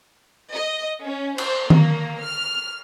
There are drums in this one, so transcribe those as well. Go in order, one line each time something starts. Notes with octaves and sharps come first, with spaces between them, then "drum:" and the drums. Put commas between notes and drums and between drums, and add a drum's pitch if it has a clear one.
D#5
C#4
C5, drum: cymbal
A#3, drum: tom D#3
F6